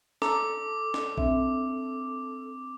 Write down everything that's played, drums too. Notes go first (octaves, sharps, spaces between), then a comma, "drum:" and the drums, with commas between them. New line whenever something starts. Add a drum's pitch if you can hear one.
A4 A#5 D6, drum: snare
drum: snare
C4 D4 E5, drum: kick A#1